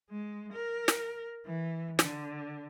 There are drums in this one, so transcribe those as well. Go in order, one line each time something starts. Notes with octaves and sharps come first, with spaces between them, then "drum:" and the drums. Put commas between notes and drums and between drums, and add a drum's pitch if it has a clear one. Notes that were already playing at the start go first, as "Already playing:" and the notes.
G#3
A#4
drum: snare
E3
D3, drum: snare